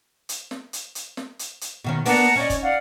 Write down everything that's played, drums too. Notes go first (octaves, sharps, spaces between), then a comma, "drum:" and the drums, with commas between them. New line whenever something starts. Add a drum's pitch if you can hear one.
drum: hi-hat
drum: snare
drum: hi-hat
drum: hi-hat
drum: snare
drum: hi-hat
drum: hi-hat
B2 D#3 C#4
A#3 B3 D4 F#5 A5 A#5, drum: open hi-hat
C#4 D#4 C#5 D5 C#6
drum: kick, hi-hat
D5 F5 F#5